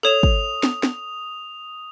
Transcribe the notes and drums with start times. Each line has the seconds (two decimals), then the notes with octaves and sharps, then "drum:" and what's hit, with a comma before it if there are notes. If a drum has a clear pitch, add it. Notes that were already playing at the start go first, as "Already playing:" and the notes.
0.03 A4 C#5 D#6 E7 F7
0.23 drum: kick
0.63 drum: snare
0.83 drum: snare